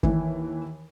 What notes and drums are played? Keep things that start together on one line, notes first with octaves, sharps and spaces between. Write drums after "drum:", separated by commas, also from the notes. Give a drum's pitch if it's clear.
D#2 E3, drum: kick